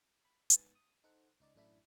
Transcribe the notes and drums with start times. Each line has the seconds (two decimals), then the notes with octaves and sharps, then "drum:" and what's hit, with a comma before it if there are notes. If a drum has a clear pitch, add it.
0.25 B5
0.50 G#2 B3 A6, drum: hi-hat
0.75 D#6
1.04 D#4 A4 C5 F#5
1.40 C#2 D#4 D5
1.55 A1 F#2 A2 D4 E4 B5